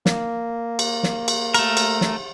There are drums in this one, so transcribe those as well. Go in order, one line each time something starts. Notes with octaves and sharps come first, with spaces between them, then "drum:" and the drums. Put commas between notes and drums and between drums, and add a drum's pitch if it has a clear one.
A#3, drum: snare
drum: cymbal
drum: snare
drum: cymbal
A3 A#4, drum: cymbal
drum: cymbal
drum: snare